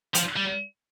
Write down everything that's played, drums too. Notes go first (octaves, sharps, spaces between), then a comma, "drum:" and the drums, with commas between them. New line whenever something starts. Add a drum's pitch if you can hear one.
F3, drum: hi-hat
G3